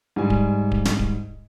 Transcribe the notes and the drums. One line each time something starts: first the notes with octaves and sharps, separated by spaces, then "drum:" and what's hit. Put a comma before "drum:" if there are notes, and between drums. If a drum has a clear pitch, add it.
G#2 G3 G#5
drum: kick D1
drum: kick D1
drum: snare
drum: kick D1